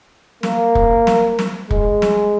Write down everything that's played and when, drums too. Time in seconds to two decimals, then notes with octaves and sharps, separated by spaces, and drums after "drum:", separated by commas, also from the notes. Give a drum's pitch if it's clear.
0.43 A#3, drum: snare
0.75 drum: kick
1.07 drum: snare
1.39 drum: snare
1.71 G#3, drum: kick
2.02 drum: snare